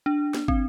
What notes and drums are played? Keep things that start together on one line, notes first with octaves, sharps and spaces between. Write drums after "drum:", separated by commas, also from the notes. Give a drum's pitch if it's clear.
D4
drum: snare
C4, drum: kick